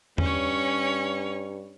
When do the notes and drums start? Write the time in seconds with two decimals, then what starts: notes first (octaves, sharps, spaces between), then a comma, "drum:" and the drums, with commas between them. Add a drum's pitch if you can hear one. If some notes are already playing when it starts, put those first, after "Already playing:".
0.18 G2 C#4 C#5, drum: tom E2